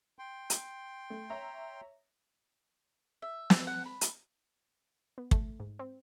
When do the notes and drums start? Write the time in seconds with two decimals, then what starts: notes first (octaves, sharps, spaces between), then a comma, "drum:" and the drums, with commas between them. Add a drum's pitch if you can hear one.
0.19 G5 C6
0.50 drum: hi-hat
1.10 A3
1.30 C#5 E5 A#5
3.22 E5
3.50 drum: snare
3.67 F#5
3.86 B5
4.01 drum: hi-hat
5.18 B3
5.31 A3, drum: kick
5.60 G#2
5.79 C4